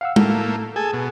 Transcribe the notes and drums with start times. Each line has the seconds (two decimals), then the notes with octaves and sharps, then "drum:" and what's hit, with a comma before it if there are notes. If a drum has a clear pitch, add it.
0.01 F5 F#5 E6
0.16 A2 A3 A#3, drum: tom
0.76 G#4 A4 G#5
0.93 B2